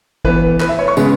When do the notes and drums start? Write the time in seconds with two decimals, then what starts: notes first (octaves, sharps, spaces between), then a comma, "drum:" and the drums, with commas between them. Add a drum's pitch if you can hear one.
0.25 E3 B3 B4, drum: kick
0.60 B4, drum: clap
0.69 E5
0.79 C#5
0.88 C#6
0.97 C#3 G#3 B3, drum: tambourine